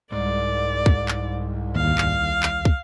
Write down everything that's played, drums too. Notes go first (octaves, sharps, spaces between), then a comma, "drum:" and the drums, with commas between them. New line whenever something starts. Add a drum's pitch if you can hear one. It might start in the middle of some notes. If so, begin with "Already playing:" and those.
C2 G#2 D5
drum: kick
drum: clap
D#2 F5
drum: clap
drum: clap
drum: kick